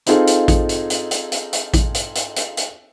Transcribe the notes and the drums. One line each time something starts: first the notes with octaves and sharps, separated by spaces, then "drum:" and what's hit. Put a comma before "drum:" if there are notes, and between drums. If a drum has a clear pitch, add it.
C4 D#4 F4 G#4 A4 F5, drum: hi-hat
drum: hi-hat
drum: kick A1, hi-hat
drum: hi-hat
drum: hi-hat
drum: hi-hat
drum: hi-hat
drum: hi-hat
drum: kick A1, hi-hat
drum: hi-hat
drum: hi-hat
drum: hi-hat
drum: hi-hat